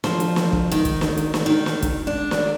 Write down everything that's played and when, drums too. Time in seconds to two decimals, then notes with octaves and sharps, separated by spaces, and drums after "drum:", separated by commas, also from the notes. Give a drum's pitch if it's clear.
0.04 F3, drum: snare
0.20 drum: hi-hat
0.36 drum: snare
0.52 drum: kick
0.71 D#3, drum: hi-hat
0.85 drum: kick, hi-hat
1.01 drum: snare
1.17 drum: hi-hat
1.34 drum: snare
1.46 D#3
1.66 drum: snare
1.82 drum: kick, hi-hat
2.07 D4
2.31 drum: snare